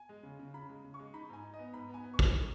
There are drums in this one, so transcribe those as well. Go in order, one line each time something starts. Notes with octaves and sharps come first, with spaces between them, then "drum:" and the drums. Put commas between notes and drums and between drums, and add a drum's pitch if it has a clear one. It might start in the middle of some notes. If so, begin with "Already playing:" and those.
Already playing: G#5
G#3
C#3
C#3
C#3 B5
G#3
C#3
C#6
G#3
D#4 B5
G#2 G#5
D#4
D#5
B3
G#2 B5
B3
G#5
B3
C#6
G#3, drum: kick
D#4